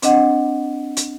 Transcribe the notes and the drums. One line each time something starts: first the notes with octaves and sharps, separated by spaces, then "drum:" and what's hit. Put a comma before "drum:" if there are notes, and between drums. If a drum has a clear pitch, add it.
C4 D4 D#5 F#5, drum: hi-hat
drum: hi-hat